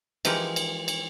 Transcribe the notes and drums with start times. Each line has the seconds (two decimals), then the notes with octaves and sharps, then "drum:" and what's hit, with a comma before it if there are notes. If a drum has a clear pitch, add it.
0.25 E3 F3 G#3 G4 A#4, drum: cymbal
0.56 drum: cymbal
0.88 drum: cymbal